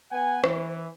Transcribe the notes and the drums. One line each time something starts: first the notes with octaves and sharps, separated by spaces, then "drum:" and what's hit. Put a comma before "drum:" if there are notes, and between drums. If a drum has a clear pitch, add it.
B3 F#5 G#5
E3, drum: rim click